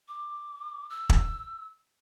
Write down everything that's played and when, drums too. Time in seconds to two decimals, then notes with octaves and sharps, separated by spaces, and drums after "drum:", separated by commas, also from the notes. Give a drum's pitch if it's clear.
0.08 D6
0.90 E6
1.09 drum: kick